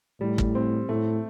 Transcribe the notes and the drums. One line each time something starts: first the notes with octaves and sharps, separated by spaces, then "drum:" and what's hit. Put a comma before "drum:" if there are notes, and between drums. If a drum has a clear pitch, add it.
A2 G3
drum: kick
C4
A2 A3